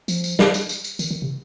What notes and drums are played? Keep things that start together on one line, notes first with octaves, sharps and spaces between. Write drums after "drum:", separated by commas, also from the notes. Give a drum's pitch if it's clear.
F3, drum: tambourine
drum: tambourine
drum: snare
drum: tambourine
drum: tambourine
drum: tambourine
D#3, drum: tambourine
D#3
C3